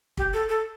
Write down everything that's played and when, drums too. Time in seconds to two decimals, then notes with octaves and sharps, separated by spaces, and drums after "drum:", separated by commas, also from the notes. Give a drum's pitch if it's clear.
0.17 G4, drum: kick
0.33 A4
0.49 A4